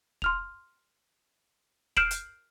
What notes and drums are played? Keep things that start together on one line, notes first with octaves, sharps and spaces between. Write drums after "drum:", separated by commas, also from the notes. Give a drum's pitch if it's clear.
C6 F6 F7, drum: kick
F6 G6 C7 D7 E7 F#7, drum: kick
drum: hi-hat